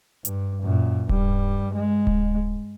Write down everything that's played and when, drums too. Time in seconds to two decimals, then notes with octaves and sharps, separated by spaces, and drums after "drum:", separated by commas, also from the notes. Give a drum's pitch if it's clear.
0.25 G2, drum: hi-hat
0.63 F#2 A#2
1.09 G2 G3, drum: kick D1
1.74 G#3
2.07 drum: kick D1